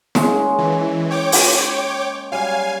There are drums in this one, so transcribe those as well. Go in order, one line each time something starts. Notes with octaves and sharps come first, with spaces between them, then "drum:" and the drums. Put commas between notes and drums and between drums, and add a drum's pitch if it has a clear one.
G#3 A#3 C#4, drum: snare
E3
C#5 G5 D6
drum: open hi-hat
F#3 G3 F5 G#5